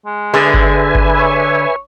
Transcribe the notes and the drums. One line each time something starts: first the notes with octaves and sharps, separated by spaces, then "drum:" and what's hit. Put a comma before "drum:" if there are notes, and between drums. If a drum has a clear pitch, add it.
G#3
D3 G#4 B4 E5 G#5
drum: kick G1
drum: kick G1
C#5